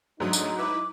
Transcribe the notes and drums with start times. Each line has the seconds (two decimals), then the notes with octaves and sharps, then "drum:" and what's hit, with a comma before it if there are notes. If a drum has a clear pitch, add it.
0.20 G#2 F#3 A3 D4 D#4 D#6
0.33 drum: tambourine
0.59 E4 B4 D6